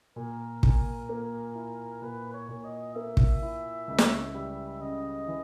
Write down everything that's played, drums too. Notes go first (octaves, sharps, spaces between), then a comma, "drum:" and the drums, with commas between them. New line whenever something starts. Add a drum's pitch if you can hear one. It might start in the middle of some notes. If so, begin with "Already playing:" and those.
A#2 A#4
A#2, drum: kick
A#3
E4
A#2 B4
C#5
A#2
D#5
A#3 E5
drum: kick
E4
C#2
drum: snare
G3
C#3 D#5
E3